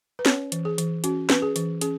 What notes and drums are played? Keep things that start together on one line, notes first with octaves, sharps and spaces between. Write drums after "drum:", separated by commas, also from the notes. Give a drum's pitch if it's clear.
B4
C#4 C#5, drum: snare
E3, drum: hi-hat
G#4
E3, drum: hi-hat
C#4 F#4, drum: hi-hat
C#4 B4, drum: snare
G#4
E3, drum: hi-hat
C#4 G#4, drum: hi-hat